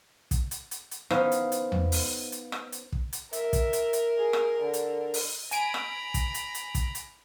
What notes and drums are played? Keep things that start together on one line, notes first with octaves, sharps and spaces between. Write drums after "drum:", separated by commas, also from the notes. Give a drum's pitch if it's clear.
drum: kick, hi-hat
drum: hi-hat
drum: hi-hat
drum: hi-hat
B3 C#4 D#4 C5 F5, drum: rim click
drum: hi-hat
drum: hi-hat
drum: tom E2
drum: open hi-hat
drum: hi-hat
drum: rim click
drum: hi-hat
drum: kick
drum: hi-hat
A#4 E5, drum: hi-hat
drum: kick, hi-hat
drum: hi-hat
drum: hi-hat
G#4
drum: rim click
D3
drum: hi-hat
drum: open hi-hat
G#5 A#5 B5 D7, drum: hi-hat
drum: rim click
drum: kick, hi-hat
drum: hi-hat
drum: hi-hat
drum: kick, hi-hat
drum: hi-hat